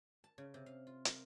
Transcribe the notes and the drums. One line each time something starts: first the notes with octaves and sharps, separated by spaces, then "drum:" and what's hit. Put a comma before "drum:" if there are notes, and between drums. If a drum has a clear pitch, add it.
A5
C#3
C3
F5
F4
A#4, drum: hi-hat